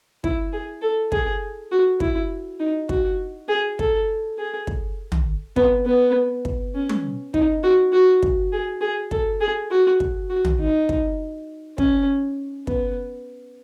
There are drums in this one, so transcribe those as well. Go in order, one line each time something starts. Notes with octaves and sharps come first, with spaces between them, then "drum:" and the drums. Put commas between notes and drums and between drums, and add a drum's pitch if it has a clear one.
E4, drum: kick
G#4
A4
G#4, drum: kick
F#4
E4, drum: kick
D#4
F#4, drum: kick
G#4
A4, drum: kick
G#4
drum: kick
drum: tom
B3, drum: kick
B3
drum: kick
C#4
drum: tom
D#4, drum: kick
F#4
F#4
drum: kick
G#4
G#4
A4, drum: kick
G#4
F#4
drum: kick
F#4
drum: tom
D#4
drum: kick
C#4, drum: kick
B3, drum: kick